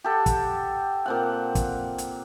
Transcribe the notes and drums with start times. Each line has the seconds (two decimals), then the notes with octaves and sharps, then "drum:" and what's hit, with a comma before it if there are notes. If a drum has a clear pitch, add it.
0.04 G4 A4 F#5
0.26 drum: kick, hi-hat
1.06 A#2 C4 F#5
1.55 drum: kick, hi-hat
1.98 drum: hi-hat